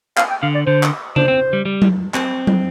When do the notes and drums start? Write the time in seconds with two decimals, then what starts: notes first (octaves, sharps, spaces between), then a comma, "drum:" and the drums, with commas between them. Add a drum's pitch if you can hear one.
0.17 F5, drum: clap
0.30 G5
0.42 D3 F5
0.55 D5
0.66 D3 C5
0.83 drum: clap
1.16 D4 C5, drum: tom C#3
1.28 C4
1.53 G3
1.65 G3
1.82 drum: tom F#3
2.14 C4, drum: clap
2.47 drum: tom F#3